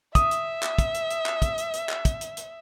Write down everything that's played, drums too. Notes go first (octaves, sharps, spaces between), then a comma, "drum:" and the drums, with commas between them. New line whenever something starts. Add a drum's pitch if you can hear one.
E5 D#6, drum: kick, hi-hat
drum: hi-hat
drum: clap
drum: kick, hi-hat
drum: hi-hat
drum: hi-hat
drum: clap
drum: kick, hi-hat
drum: hi-hat
drum: hi-hat
drum: clap
drum: kick, hi-hat
drum: hi-hat
drum: hi-hat